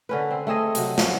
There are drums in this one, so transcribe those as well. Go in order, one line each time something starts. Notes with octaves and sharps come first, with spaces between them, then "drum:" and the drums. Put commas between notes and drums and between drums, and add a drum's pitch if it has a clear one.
D3 C#4 B4
C4
A3 C4 G#4 D#5
C3 F#3, drum: hi-hat
F3 F#3 C#4, drum: snare